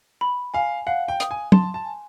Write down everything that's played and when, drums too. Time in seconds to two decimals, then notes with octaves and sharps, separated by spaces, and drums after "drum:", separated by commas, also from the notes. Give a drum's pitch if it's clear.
0.21 B5
0.54 F5 G#5
0.87 F5 F#5
1.08 G5
1.20 D#6, drum: hi-hat
1.31 G#5
1.52 A5 C6, drum: tom
1.74 A5
1.85 G#5